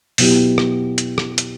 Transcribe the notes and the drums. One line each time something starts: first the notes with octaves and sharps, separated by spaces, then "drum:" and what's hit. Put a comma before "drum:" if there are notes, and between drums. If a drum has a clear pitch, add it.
B2 F#3 B3 E4 G4, drum: open hi-hat
drum: rim click
drum: hi-hat
drum: rim click
drum: hi-hat